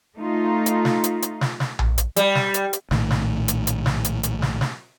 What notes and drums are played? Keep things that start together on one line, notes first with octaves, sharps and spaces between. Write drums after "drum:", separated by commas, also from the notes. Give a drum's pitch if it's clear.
A3 D#4 F4
drum: hi-hat
drum: snare
drum: hi-hat
drum: hi-hat
drum: snare
drum: snare
drum: tom A#1
drum: hi-hat
G3, drum: hi-hat
drum: snare
drum: hi-hat
drum: hi-hat
A#1 A2 D#3, drum: snare
drum: snare
drum: hi-hat
drum: hi-hat
drum: snare
drum: hi-hat
drum: hi-hat
drum: snare
drum: snare